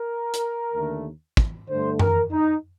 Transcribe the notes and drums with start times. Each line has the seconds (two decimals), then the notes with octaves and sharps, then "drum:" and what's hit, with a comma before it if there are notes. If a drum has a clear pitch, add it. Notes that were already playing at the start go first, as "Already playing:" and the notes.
Already playing: A#4
0.34 drum: hi-hat
0.73 D#2 D3 A3
1.37 drum: kick
1.68 G2 D3 A3 C5
1.99 A#4, drum: tom F#2
2.32 D#4